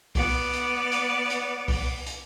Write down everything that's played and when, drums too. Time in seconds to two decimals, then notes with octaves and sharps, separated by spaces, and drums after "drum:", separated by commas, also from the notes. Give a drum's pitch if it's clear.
0.15 B3 D5, drum: kick C2, open hi-hat
0.53 drum: hi-hat
0.92 drum: hi-hat
1.30 drum: hi-hat
1.68 drum: kick C2, open hi-hat
2.07 drum: hi-hat